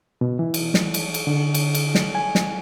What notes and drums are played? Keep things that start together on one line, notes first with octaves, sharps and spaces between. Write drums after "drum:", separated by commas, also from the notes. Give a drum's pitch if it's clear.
B2
E3
drum: cymbal
drum: snare
drum: cymbal
drum: cymbal
D3
drum: cymbal
drum: cymbal
drum: snare
G#5
drum: snare